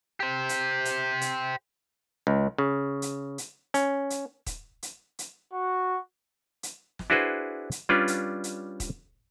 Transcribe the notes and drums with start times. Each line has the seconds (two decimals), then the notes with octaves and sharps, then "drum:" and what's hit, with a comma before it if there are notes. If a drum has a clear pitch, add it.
0.20 G4 C5
0.49 drum: hi-hat
0.85 drum: hi-hat
1.21 drum: hi-hat
2.27 C#2
2.58 C#3
3.02 drum: hi-hat
3.38 drum: hi-hat
3.74 C#4, drum: hi-hat
4.10 drum: hi-hat
4.46 drum: kick D#1, hi-hat
4.83 drum: hi-hat
5.19 drum: hi-hat
5.52 F#4
6.63 drum: hi-hat
6.99 drum: snare
7.10 D4 E4 F#4 G#4 B4 C5
7.71 drum: hi-hat
7.89 G3 C#4 D4 F4 B4
8.08 drum: hi-hat
8.44 drum: hi-hat
8.80 drum: kick D#1, hi-hat